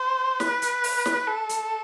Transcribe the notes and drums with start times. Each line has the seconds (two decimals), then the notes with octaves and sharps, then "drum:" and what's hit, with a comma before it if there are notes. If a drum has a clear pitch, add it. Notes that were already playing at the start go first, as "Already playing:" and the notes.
Already playing: C5
0.40 B4, drum: snare
0.62 drum: hi-hat
0.84 drum: open hi-hat
1.06 drum: snare
1.28 A4
1.49 drum: hi-hat